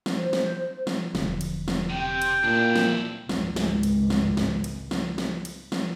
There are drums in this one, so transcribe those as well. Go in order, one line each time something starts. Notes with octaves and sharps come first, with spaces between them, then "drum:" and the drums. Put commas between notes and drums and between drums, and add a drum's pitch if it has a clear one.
drum: snare
C5
drum: snare
drum: snare
E1 D3 F3, drum: snare
drum: cymbal
drum: snare
C3 G5
drum: cymbal
A#2 D4 E4
drum: snare
G#1 C#2, drum: snare
drum: snare
drum: cymbal
drum: snare
drum: snare
drum: cymbal
drum: snare
drum: snare
drum: cymbal
drum: snare